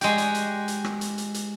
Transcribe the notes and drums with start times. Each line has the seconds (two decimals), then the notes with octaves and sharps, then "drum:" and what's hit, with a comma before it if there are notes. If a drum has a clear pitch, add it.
0.01 G#3 F#4 G4, drum: hi-hat
0.18 drum: hi-hat
0.35 drum: hi-hat
0.68 drum: hi-hat
0.84 drum: rim click
1.01 drum: hi-hat
1.18 drum: hi-hat
1.34 drum: hi-hat